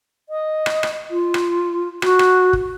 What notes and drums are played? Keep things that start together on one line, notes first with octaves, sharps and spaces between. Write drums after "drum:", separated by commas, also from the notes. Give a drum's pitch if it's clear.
D#5
drum: rim click
drum: rim click
F4
drum: rim click
F#4, drum: rim click
drum: rim click
drum: kick